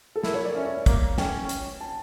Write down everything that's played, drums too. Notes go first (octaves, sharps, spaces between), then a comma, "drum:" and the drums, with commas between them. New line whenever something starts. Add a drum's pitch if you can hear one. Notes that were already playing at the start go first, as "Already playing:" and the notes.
A4
E4 A#4, drum: snare
C#5
D5
C#4 E5
A#3, drum: kick, hi-hat
C#4 G5, drum: snare
drum: hi-hat
A5